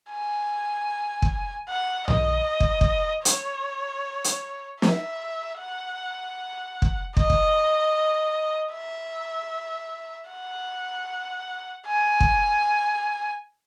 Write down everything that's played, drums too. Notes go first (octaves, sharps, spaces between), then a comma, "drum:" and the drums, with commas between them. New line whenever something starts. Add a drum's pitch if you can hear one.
G#5
drum: kick
F#5
D#5, drum: tom
drum: kick
drum: kick
C#5, drum: hi-hat
drum: hi-hat
E5, drum: snare
F#5
drum: kick
D#5, drum: kick
drum: kick
E5
F#5
G#5
drum: kick